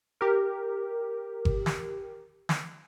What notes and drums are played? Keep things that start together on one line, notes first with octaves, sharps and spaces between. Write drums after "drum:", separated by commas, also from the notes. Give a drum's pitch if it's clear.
G4 A#4
drum: kick G1
drum: snare
drum: snare